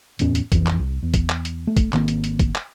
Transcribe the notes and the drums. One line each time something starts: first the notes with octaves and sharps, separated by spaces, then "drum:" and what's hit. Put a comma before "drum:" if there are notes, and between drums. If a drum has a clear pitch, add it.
D1 E2 A2 C#4, drum: hi-hat
drum: hi-hat
A1 F2 E3, drum: kick, hi-hat
drum: clap
C2
E2
drum: kick, hi-hat
drum: clap
drum: hi-hat
A3
drum: kick, hi-hat
G#1 D#3 A#3 C4, drum: clap
drum: hi-hat
drum: hi-hat
drum: kick, hi-hat
drum: clap